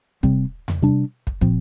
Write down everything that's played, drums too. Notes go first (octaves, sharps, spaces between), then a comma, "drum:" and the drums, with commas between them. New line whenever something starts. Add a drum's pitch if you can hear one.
C3 G3 C4, drum: kick
drum: tom E2
C3 G3 D4
drum: kick
A#2 F3 C4, drum: kick